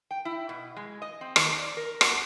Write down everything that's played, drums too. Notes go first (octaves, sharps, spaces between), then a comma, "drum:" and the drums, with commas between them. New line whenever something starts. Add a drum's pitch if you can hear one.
G5
E4
B2
G#3
D#5
C4
D#3, drum: rim click
D5
A#4
F#4, drum: rim click